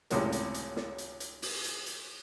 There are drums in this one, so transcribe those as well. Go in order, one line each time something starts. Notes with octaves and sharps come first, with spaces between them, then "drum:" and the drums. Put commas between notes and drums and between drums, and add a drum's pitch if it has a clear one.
G#1 C#2 F#2 A2 C3 A#4, drum: hi-hat
drum: hi-hat
drum: hi-hat
drum: snare
drum: hi-hat
drum: hi-hat
drum: open hi-hat
drum: hi-hat
drum: hi-hat